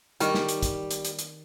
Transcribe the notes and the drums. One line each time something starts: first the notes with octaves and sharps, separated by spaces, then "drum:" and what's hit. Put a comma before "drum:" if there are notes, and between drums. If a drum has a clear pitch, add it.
D#3 G3 D#5 C#6 F6, drum: hi-hat
drum: snare
drum: hi-hat
drum: kick, hi-hat
drum: hi-hat
drum: hi-hat
drum: hi-hat